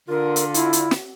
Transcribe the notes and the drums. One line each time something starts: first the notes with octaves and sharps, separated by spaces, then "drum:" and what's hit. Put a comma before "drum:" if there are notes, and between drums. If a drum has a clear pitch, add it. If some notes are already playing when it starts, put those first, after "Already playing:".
D3 F4 A#4
drum: hi-hat
E4, drum: hi-hat
drum: hi-hat
drum: snare